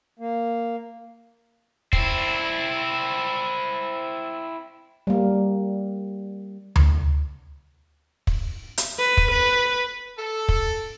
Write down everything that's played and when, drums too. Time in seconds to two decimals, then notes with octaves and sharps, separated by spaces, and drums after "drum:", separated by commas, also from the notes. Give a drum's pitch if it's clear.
0.19 A#3
1.93 C4 E4, drum: kick
5.07 G3 A#3
6.76 drum: tom D2
8.27 drum: kick
8.78 drum: hi-hat
8.99 B4
9.17 drum: kick
9.32 B4
10.18 A4
10.49 drum: kick